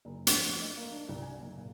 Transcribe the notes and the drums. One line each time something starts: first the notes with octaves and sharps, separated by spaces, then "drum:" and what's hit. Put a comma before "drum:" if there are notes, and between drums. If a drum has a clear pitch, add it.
F#1
F2, drum: hi-hat
A3
D#5
A#3
D4
C2
G#5
F#1
A#2